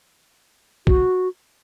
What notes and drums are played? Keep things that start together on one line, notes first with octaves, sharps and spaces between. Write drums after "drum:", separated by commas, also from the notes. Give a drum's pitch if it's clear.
F#4, drum: kick